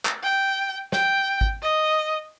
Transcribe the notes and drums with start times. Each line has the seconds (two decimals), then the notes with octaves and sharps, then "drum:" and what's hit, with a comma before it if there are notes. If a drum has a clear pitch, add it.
0.05 drum: clap
0.23 G5
0.92 G5, drum: snare
1.41 drum: kick G#1
1.62 D#5